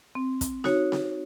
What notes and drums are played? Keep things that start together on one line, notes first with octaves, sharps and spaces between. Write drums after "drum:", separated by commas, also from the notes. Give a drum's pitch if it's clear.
C4
drum: kick, hi-hat
D#4 F#4 C#5, drum: snare C4
drum: snare C4